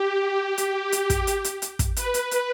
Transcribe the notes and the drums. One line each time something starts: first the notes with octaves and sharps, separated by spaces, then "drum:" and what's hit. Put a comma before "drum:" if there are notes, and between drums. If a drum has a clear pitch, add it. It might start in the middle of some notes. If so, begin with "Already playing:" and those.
Already playing: G4
drum: hi-hat
drum: hi-hat
drum: kick, hi-hat
drum: hi-hat
drum: hi-hat
drum: hi-hat
drum: kick, hi-hat
B4, drum: hi-hat
drum: hi-hat
drum: hi-hat